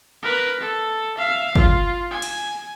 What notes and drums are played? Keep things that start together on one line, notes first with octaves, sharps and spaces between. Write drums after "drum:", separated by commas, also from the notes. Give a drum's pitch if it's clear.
A#4 B4
A4
E5 F5
F4, drum: kick
G#5
drum: cymbal